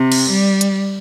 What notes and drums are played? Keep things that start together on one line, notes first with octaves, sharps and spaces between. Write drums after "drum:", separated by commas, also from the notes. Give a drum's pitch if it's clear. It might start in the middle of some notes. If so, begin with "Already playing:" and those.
Already playing: C3
drum: cymbal
G3
drum: hi-hat